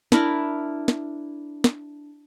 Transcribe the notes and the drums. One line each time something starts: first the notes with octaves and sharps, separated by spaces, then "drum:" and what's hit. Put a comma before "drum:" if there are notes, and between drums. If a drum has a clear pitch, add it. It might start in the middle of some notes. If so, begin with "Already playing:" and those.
D4 E4 A#4, drum: snare
drum: snare
drum: snare